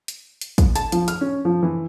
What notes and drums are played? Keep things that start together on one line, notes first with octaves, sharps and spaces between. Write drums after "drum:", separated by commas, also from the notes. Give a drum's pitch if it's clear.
drum: hi-hat
drum: hi-hat
drum: kick, hi-hat
A5, drum: hi-hat
F3, drum: hi-hat
F6, drum: hi-hat
C#4
F3
E3